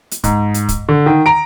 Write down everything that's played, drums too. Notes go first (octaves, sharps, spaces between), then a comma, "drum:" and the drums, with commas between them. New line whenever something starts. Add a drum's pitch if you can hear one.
drum: hi-hat
G#2, drum: kick, hi-hat
drum: hi-hat
drum: kick, hi-hat
D3
D#3
A#5 D7